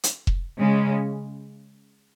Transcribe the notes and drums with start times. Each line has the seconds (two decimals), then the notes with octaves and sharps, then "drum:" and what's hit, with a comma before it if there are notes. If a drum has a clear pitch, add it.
0.03 drum: hi-hat
0.27 drum: kick F1
0.59 C#3 G#3 C#4